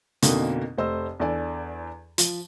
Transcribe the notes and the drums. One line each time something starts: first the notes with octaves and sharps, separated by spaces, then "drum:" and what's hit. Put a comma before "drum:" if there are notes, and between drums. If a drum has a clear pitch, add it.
F2 B2 D3 A#3 D#4, drum: hi-hat
F1 A3 C5 D#5 E6
E2 D4 A4 D5 G#5
F3, drum: hi-hat